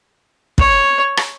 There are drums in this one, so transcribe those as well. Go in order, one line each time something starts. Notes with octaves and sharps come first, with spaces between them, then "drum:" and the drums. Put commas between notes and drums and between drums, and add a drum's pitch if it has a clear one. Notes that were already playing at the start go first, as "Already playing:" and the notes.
C#5, drum: kick
drum: rim click